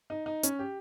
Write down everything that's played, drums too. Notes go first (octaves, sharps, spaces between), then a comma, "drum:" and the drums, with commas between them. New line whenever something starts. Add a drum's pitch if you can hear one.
D#4
D#4
C#4, drum: hi-hat
G4